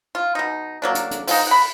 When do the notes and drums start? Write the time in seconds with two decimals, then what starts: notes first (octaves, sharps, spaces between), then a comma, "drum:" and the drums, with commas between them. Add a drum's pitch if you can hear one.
0.15 F4
0.35 B2 D#4
0.82 F#3 A#3 D4
0.95 drum: hi-hat
1.11 drum: hi-hat
1.27 F3 F#3 G#3 D#4, drum: open hi-hat
1.47 F#5 B5